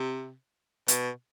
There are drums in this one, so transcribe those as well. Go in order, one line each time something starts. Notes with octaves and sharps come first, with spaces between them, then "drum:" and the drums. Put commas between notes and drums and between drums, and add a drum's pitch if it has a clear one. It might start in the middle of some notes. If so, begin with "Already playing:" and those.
Already playing: C3
B2, drum: hi-hat